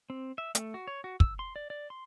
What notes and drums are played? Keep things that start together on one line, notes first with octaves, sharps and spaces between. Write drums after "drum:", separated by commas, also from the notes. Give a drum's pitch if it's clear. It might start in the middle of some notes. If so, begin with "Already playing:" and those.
C4
E5
A3, drum: hi-hat
F#4
C#5
F#4
E6, drum: kick
C6
D5
D5
C6